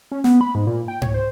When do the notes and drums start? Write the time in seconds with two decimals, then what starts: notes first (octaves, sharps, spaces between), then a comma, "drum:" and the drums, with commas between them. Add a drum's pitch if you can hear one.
0.12 C#4
0.24 B3, drum: snare
0.41 B5
0.55 G#2
0.67 A#2
0.88 G5
1.02 C#5, drum: tom G#2
1.14 C5